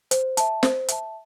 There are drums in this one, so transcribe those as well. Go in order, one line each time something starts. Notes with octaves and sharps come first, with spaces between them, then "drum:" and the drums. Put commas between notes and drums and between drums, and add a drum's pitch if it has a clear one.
C5, drum: hi-hat
E5 A5, drum: hi-hat
C5, drum: snare
E5 A5, drum: hi-hat